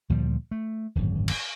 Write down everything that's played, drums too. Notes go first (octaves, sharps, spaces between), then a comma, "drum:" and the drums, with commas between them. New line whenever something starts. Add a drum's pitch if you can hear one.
D2 A#2 F3 G3
A3
D1 G#1 F#2
drum: cymbal